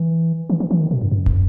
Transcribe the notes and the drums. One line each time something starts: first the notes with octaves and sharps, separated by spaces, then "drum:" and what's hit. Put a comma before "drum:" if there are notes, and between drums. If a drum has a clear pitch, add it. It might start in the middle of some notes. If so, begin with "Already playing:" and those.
Already playing: E3
E3
E3
E3
D#3
B2
F#2
F#2
drum: kick